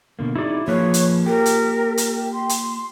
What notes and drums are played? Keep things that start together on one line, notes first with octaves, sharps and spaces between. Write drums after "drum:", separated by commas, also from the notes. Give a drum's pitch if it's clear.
B2 D3 A#3
D#4 E4 F#4 G#4 D5
F3 A#3 F4 G#4 B4 C#5
drum: hi-hat
G4 A#4
drum: hi-hat
drum: hi-hat
C6
drum: hi-hat